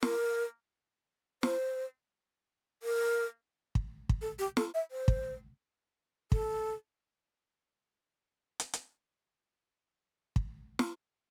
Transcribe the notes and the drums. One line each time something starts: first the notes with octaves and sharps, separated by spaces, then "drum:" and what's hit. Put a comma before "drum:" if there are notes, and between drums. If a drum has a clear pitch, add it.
A#4, drum: snare
C5, drum: snare
A#4
drum: kick
drum: kick
A4
G4
A4, drum: snare
E5
C5
drum: kick
A4, drum: kick
drum: hi-hat
drum: hi-hat
drum: kick
drum: snare